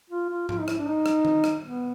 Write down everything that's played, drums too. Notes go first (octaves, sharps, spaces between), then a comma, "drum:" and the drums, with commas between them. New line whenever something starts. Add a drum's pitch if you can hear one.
F4
F4
F4, drum: tom G#2
D#4
E4, drum: rim click
D4
D#4
drum: rim click
drum: tom D#3
drum: rim click
B3